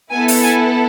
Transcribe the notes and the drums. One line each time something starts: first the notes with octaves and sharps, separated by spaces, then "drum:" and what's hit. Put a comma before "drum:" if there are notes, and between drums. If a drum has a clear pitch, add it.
B3 E4 A4 G#5
drum: open hi-hat
G#5